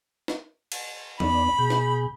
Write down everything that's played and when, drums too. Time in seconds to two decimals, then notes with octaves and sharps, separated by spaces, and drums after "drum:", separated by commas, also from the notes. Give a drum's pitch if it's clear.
0.28 drum: snare
0.72 drum: cymbal
1.20 E2 B3 D#4 D5 B5, drum: tom E3
1.58 B2 G#4 G6
1.70 drum: snare